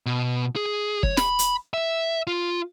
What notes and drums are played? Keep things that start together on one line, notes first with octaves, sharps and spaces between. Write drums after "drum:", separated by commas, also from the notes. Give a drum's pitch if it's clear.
B2
G#4
C#5, drum: kick
B5, drum: snare
drum: hi-hat
E5
F4